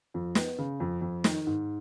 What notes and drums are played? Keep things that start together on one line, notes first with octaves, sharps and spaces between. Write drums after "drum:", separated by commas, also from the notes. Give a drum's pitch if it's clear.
F2
B3, drum: snare
C#3
F2
F2
D#3, drum: snare
G#2